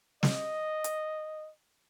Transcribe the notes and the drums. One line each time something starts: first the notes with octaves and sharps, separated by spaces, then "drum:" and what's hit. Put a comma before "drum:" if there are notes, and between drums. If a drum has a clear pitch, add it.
D#5, drum: snare
drum: hi-hat